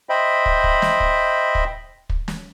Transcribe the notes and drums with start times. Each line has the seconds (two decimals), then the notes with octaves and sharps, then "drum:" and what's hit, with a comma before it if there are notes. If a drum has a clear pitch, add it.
0.09 C5 D#5 E5 G5 B5
0.46 drum: kick
0.64 drum: kick
0.82 drum: snare
1.00 drum: kick
1.55 drum: kick
2.10 drum: kick
2.28 drum: snare